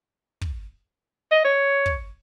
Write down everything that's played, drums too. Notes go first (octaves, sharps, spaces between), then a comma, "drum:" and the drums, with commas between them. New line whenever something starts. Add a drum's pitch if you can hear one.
drum: kick
D#5
C#5
drum: kick